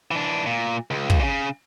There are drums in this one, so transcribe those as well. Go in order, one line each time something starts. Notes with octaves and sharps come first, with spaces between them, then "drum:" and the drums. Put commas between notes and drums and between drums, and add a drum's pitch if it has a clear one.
E3 D4
A#2
C#2
drum: kick
A#2 C#3